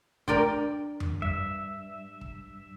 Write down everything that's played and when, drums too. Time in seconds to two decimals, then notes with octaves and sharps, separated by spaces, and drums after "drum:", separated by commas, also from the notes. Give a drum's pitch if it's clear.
0.28 D4 A#4 D5 G5, drum: kick
1.00 drum: tom F2
1.22 G2 E5, drum: kick
2.21 drum: kick